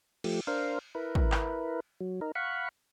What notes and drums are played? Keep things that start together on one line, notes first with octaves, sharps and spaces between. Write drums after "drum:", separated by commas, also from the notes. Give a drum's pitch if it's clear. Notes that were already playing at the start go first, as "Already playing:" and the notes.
F3 A3 G4, drum: cymbal
D4 A#4 C5 F5
E4 A#4 B4
drum: kick
drum: clap
F#3
D#4 A#4
F5 F#5 B5 C#6